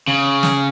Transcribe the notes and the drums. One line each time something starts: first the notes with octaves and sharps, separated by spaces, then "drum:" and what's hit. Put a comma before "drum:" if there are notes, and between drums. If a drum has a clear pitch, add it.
C#3
drum: snare